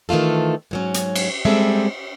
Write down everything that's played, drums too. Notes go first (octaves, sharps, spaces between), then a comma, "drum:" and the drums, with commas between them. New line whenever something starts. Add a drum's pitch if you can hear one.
D#3 E3 A3 F4 A4
G#2 F#3 C#4
drum: hi-hat
drum: cymbal
G3 G#3 C4 A4 E5